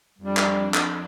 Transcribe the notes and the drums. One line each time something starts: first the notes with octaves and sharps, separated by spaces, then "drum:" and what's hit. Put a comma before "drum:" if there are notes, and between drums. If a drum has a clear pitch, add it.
F2 G3 D4
drum: clap
drum: clap